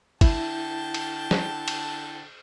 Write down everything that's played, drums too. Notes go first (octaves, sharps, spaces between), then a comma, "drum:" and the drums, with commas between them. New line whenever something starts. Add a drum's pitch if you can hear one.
D3 E4 G5 A5, drum: kick, cymbal
drum: cymbal
drum: snare
drum: cymbal